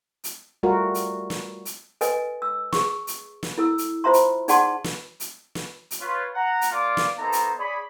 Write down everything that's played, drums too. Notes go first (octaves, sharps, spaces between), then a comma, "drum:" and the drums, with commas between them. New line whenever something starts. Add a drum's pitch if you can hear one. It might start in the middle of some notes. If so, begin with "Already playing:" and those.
drum: hi-hat
G3 A3 F4 F#4 A#4
drum: hi-hat
drum: snare
drum: hi-hat
A4 B4 D#5 G#5, drum: hi-hat
E6
G#4 C#6, drum: snare
drum: hi-hat
drum: snare
E4 A4 E6
drum: hi-hat
F4 C5 E5 A#5 C6
drum: hi-hat
D#4 G#4 D5 F#5 A5 C6, drum: hi-hat
drum: snare
drum: hi-hat
drum: snare
drum: hi-hat
F4 B4 C#5
F#5 A#5
drum: hi-hat
A#3 F4 D5 F5 D6
drum: snare
A#3 B3 D#4 A4 C5 A#5
drum: hi-hat
G#4 C#5 D5 B5